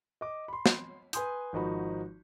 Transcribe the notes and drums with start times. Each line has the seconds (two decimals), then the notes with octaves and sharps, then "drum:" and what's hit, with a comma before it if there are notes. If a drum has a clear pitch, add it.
0.21 D#5 D6
0.48 B5 C6
0.66 drum: snare
1.13 B4 G#5 C6 D#6 G6, drum: hi-hat
1.53 G#1 F3 D#4 F#4 B5